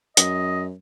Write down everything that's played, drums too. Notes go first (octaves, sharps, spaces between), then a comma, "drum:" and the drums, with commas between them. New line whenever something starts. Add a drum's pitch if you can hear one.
F#2 D#5, drum: hi-hat